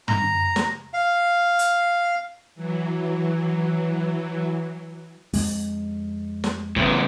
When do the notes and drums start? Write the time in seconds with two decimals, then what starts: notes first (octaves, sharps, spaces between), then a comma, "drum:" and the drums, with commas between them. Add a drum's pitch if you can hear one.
0.08 A#5, drum: tom
0.56 drum: snare
0.93 F5
1.59 drum: hi-hat
2.55 E3 F#3
5.33 F2 G#3, drum: open hi-hat
6.44 drum: snare
6.76 A2 C#3, drum: kick G1